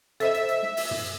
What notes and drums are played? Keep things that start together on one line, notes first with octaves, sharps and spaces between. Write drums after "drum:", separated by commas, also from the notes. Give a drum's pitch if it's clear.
A4 C5 D#5 E5, drum: hi-hat
drum: hi-hat
drum: hi-hat
drum: snare
drum: open hi-hat
drum: tom